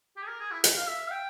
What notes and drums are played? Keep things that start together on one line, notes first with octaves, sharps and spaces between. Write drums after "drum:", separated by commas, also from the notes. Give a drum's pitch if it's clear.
G4
G#4
A#4
G#4
E4
drum: hi-hat
F5
E5
F5
G5